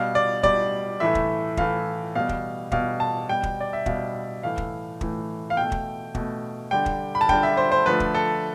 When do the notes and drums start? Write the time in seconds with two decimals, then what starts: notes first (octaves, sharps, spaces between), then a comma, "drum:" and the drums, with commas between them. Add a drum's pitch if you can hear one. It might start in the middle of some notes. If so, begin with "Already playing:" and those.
Already playing: B2 G3 F5
0.15 D5
0.43 B2 G3 D5, drum: kick
1.00 A2 E3 A3 E5
1.15 drum: kick
1.57 A2 E3 A3 F5, drum: kick
2.15 B2 G3 F5
2.29 drum: kick
2.72 B2 G3 F5, drum: kick
3.00 A5
3.29 B2 G3 G5
3.43 drum: kick
3.60 D5
3.73 E5
3.86 B2 G3 F5, drum: kick
4.43 A2 E3 A3 F5
4.58 drum: kick
5.01 A2 E3 A3, drum: kick
5.50 F5
5.57 B2 G5
5.63 A3
5.72 drum: kick
6.15 B2 A3, drum: kick
6.71 D3 G3 G5
6.86 drum: kick
7.15 B5
7.21 A5
7.29 D3 G3 G5, drum: kick
7.43 E5
7.57 C5
7.72 C5
7.86 D3 F3 A3 B4
8.00 drum: kick
8.15 A4